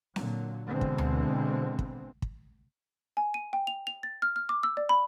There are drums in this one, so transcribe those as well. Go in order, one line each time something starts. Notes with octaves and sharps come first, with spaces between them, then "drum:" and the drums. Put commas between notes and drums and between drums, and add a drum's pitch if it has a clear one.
A#2 D3 F#3, drum: snare C4
B2 D3 E3 G#3 B3 C4
drum: kick
drum: tom D2
drum: kick
drum: kick
G#5
D#7
G5
F7
F7
A6
F6
F6
D6
E6
D5
B5